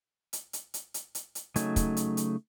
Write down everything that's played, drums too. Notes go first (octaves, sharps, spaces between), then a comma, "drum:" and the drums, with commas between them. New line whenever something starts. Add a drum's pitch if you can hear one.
drum: hi-hat
drum: hi-hat
drum: hi-hat
drum: hi-hat
drum: hi-hat
drum: hi-hat
C#3 F#3 A3 D#4 G#5, drum: hi-hat
drum: kick, hi-hat
drum: hi-hat
drum: hi-hat